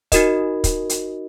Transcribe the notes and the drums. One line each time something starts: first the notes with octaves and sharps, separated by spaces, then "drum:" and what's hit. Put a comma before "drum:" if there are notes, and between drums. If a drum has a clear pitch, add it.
D#4 F#4 A#4 D#5, drum: kick, hi-hat
drum: kick, hi-hat
drum: hi-hat